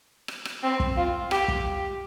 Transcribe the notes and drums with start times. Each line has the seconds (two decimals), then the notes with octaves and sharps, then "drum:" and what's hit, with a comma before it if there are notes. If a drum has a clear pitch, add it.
0.28 drum: rim click
0.45 drum: rim click
0.63 C4
0.80 drum: kick
0.97 F4
1.31 G4, drum: rim click
1.48 drum: kick